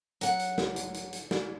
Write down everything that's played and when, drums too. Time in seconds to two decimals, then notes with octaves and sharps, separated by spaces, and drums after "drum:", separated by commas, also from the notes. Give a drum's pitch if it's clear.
0.21 F#3 F#5, drum: hi-hat
0.39 drum: hi-hat
0.58 drum: snare
0.76 drum: hi-hat
0.94 drum: hi-hat
1.13 drum: hi-hat
1.31 drum: snare